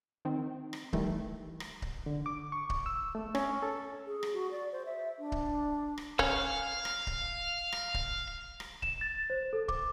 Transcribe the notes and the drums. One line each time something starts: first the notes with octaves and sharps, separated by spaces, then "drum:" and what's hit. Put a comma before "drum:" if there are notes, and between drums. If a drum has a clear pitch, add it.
D#3 C4
drum: rim click
D#3 E3 G3 A3, drum: kick C#1
drum: rim click
drum: kick C#1
D3
D6
C#6
drum: kick C#1
E6
A3
C#4, drum: rim click
A4
G#4
drum: rim click
F#4
D5
C5
E5
D4
drum: kick C#1
drum: rim click
C#4 F5, drum: kick C#1
drum: rim click
drum: kick C#1
drum: rim click
drum: kick C#1
drum: rim click
E7, drum: kick C#1
A6
C5
A4
D6, drum: kick C#1